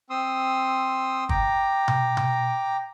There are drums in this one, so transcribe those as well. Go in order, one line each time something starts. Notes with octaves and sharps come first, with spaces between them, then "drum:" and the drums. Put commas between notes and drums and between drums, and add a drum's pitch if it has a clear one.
C4 C6 D#6 E6
G5 A#5 D6, drum: kick
drum: tom B2
drum: tom B2